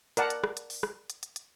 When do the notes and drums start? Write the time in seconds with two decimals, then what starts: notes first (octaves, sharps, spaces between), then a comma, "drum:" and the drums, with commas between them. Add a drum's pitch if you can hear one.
0.17 A#4 D5 F#5 A5, drum: hi-hat
0.30 drum: hi-hat
0.44 drum: rim click
0.57 drum: hi-hat
0.70 drum: open hi-hat
0.83 drum: rim click
1.10 drum: hi-hat
1.23 drum: hi-hat
1.36 drum: hi-hat